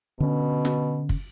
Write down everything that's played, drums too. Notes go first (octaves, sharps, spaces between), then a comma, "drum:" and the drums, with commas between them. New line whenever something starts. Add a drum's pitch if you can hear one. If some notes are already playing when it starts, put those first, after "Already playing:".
B2 D3 C#4
drum: snare
drum: kick